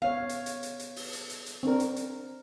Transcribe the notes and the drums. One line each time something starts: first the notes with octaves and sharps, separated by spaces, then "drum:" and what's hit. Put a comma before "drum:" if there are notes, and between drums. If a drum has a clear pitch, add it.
B3 C#5 F5
drum: hi-hat
drum: hi-hat
drum: hi-hat
drum: hi-hat
drum: open hi-hat
drum: hi-hat
drum: hi-hat
drum: hi-hat
C4 D4 A#4
drum: hi-hat
drum: hi-hat